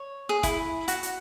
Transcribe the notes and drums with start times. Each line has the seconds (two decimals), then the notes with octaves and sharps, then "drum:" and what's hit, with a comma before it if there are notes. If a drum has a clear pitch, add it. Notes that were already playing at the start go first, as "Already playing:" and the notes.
Already playing: C#5
0.29 G#4
0.43 E4, drum: kick, hi-hat
0.88 F#4, drum: hi-hat
1.03 drum: hi-hat